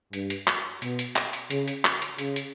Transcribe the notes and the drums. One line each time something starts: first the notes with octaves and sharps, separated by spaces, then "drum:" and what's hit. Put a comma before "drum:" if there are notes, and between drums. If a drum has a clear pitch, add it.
G2, drum: hi-hat
drum: hi-hat
drum: clap
B2, drum: hi-hat
drum: hi-hat
drum: clap
drum: hi-hat
C#3, drum: hi-hat
drum: hi-hat
drum: clap
drum: hi-hat
C#3, drum: hi-hat
drum: hi-hat